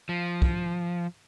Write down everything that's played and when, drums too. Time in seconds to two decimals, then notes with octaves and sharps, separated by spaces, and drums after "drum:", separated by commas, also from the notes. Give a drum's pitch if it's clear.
0.09 F3
0.42 drum: kick